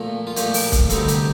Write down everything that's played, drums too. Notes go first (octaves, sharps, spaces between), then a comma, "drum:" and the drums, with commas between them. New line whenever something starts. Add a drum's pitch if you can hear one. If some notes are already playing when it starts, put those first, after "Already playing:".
Already playing: A#2 F3 A3
F4
A#2 F3 A3 G4, drum: hi-hat
drum: open hi-hat
drum: kick, hi-hat
D2 C3 G3 C4 D#4 A4, drum: hi-hat
G4, drum: hi-hat